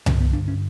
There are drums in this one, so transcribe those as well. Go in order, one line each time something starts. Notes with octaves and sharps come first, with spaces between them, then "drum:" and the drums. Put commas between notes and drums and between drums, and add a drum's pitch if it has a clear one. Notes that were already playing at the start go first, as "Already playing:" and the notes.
G2 D3 C#4, drum: tom C2
B3
D4
C#4